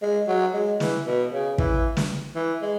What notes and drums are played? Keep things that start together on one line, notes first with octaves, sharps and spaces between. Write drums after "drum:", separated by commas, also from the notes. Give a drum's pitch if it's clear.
G#3
F#3
G#3
E3, drum: snare
B2
C#3
E3, drum: kick
drum: snare
E3
G#3